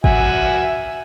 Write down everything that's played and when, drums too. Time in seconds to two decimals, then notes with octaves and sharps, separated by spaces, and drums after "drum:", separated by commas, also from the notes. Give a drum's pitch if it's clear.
0.04 F#4 E5 G#5, drum: kick